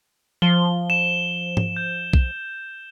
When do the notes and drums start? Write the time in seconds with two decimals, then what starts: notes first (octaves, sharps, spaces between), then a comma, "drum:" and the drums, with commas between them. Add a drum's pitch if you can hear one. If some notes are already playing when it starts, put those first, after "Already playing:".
0.42 F3 G7
0.90 E7
1.57 drum: tom G#2
1.76 G6
2.13 drum: kick B1